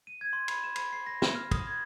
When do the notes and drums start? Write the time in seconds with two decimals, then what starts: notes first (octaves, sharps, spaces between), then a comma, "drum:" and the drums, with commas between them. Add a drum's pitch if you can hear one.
0.07 D#7
0.21 G#6
0.33 C6
0.48 B5, drum: cymbal
0.64 E7
0.76 B5, drum: cymbal
0.92 C7
1.06 A#6
1.22 E7, drum: snare
1.35 F6
1.51 D#6, drum: kick, cymbal
1.67 G#6